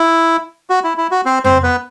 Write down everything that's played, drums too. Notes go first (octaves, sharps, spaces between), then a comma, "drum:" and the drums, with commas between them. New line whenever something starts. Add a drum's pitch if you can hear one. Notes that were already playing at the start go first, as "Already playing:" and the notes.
Already playing: E4
F#4
E4
E4
F#4
C4 C5
C4 C5, drum: tom F2
B3 B4